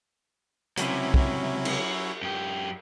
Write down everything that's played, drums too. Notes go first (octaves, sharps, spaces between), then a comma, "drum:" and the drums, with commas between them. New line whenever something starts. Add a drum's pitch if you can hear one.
C#2 C3 F#3 C#4 E4, drum: hi-hat
drum: kick
drum: cymbal
F#2 G4